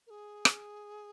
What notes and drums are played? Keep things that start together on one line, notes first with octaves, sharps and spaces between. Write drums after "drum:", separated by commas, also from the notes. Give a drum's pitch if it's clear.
A#4
G#4
drum: rim click